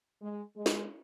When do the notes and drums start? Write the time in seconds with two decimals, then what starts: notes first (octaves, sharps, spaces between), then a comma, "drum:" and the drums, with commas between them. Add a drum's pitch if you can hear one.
0.21 G#3
0.56 G#3
0.66 drum: snare